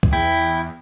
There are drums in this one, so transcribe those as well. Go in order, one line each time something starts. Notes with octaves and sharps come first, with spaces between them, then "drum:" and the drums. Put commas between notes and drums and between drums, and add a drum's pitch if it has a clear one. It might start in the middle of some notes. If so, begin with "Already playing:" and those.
drum: kick
E2 E4 G5